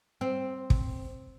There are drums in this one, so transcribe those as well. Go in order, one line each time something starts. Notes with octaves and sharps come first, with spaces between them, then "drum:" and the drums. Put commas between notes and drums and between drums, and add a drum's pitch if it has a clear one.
C4
drum: kick